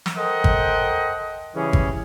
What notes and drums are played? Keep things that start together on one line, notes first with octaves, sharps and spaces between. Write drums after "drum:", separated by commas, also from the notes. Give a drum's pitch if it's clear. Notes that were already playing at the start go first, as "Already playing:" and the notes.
drum: snare
A4 A#4 C5 D#5 F#5 G5
drum: kick G#1
C#3 E3 G3 C#4 G#4
drum: kick G#1